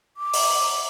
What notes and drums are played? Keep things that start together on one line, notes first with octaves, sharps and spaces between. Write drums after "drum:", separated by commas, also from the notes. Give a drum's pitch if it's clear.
D6
drum: open hi-hat